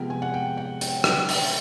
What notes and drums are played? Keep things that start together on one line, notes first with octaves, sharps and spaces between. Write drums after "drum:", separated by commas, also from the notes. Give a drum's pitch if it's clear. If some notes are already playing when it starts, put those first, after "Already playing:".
Already playing: C3 F3 G#3 B3 G5
G#5
F#5
G5
F#5
G5, drum: hi-hat
G5, drum: rim click
G5, drum: open hi-hat